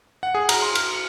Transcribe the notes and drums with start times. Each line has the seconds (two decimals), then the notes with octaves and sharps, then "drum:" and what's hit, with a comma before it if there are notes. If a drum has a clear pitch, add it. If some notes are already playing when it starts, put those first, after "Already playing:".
0.23 F#5
0.35 G#4
0.49 A#5, drum: cymbal
0.62 C6
0.75 F6, drum: cymbal
0.93 C#7